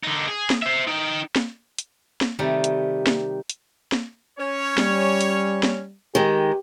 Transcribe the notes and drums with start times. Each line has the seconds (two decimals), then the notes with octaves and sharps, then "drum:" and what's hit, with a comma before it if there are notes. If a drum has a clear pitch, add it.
0.04 D3 D#4
0.28 G#4
0.50 drum: snare A#3
0.62 C5 E5
0.88 D#4 G5
1.36 drum: snare A#3
1.78 drum: hi-hat
2.21 drum: snare A#3
2.39 C3 D#3 G3 A3 D#4
2.64 drum: hi-hat
3.07 drum: snare A#3
3.50 drum: hi-hat
3.92 drum: snare A#3
4.38 C#4 C#5
4.78 G3, drum: snare A#3
5.21 drum: hi-hat
5.63 drum: snare A#3
6.15 D#3 G#3 G4